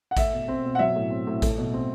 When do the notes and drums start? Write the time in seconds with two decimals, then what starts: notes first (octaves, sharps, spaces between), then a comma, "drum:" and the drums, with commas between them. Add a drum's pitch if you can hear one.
0.11 F#5
0.17 A3 E5, drum: kick A1, hi-hat
0.33 B2
0.48 C4
0.65 B2
0.75 F#5
0.79 F#3 E5
0.96 A2
1.10 C4
1.27 A2
1.42 A3, drum: kick A1, hi-hat
1.58 B2
1.73 C4